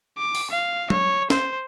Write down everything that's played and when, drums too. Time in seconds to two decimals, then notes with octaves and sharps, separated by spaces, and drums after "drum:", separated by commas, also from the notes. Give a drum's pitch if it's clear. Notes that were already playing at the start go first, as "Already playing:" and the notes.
0.18 D6
0.35 drum: open hi-hat
0.50 F5
0.90 C#5, drum: tom F#3
1.30 C5, drum: snare